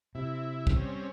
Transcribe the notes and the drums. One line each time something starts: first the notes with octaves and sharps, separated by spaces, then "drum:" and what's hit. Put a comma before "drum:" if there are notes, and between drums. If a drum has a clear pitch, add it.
C3 E4
drum: kick
G3 C4 C#4